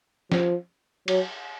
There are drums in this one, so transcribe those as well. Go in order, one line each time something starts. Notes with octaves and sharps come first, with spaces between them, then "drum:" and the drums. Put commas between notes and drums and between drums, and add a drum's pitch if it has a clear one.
F3, drum: snare
F#3, drum: cymbal